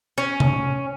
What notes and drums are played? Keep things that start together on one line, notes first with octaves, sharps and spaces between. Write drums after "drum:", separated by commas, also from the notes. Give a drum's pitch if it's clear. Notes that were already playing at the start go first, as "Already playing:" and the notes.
C#4
drum: tom C3